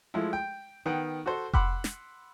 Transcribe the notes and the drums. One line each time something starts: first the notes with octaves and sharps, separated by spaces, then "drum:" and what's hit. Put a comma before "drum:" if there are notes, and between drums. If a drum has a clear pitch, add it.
F3 G#3 A3 E4
G5
D#3 B3 F#5 G5
F#4 A4 C5
F#5 B5 C6 D6 E6 F#6, drum: kick F1
drum: snare